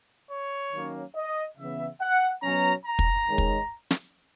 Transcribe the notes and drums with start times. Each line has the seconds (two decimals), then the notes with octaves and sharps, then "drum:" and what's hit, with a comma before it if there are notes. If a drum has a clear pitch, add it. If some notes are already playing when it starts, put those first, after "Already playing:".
0.31 C#5
0.73 D#3 F#3 A#3 C#4
1.15 D#5
1.58 C#3 E3 B3 E5
2.01 F#5
2.43 B2 F#3 C#4 A#5
2.85 A#5
2.99 drum: kick
3.28 D#3 G#3 C#4
3.38 drum: kick
3.91 drum: snare